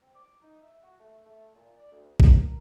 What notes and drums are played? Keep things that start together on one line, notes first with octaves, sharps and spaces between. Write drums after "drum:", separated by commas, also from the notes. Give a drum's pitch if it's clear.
C4
D6
D#4
E5
F#4
A3
A3
A#2
D5
D2
A#3, drum: kick
A#4